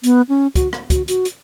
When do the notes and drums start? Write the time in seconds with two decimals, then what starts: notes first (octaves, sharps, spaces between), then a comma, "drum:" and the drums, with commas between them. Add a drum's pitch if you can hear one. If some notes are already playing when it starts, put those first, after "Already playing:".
0.03 B3, drum: hi-hat
0.29 C#4
0.55 F#4, drum: kick, hi-hat
0.73 drum: rim click
0.90 F#4, drum: kick, hi-hat
1.08 F#4, drum: hi-hat
1.25 drum: hi-hat